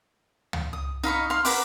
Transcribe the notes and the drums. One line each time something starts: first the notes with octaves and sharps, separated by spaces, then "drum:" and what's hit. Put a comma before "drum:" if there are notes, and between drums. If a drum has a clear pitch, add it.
drum: tom C#2
D#6
D#4 F5 B5 C#6
F5 C6
A#4 B4 F#5 D6, drum: open hi-hat